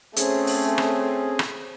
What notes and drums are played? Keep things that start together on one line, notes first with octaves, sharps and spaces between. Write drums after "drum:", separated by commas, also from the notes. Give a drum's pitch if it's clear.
A3 C4 C#4 G#4, drum: hi-hat
drum: open hi-hat
drum: rim click
drum: rim click